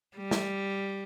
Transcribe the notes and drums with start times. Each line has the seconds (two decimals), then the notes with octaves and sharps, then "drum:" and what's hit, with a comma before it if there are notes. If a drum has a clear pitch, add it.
0.17 G3
0.31 drum: snare